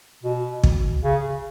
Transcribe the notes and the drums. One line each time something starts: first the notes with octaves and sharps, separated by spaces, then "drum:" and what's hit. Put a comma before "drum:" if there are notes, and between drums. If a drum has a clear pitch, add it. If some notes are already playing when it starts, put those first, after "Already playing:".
B2
drum: kick
C#3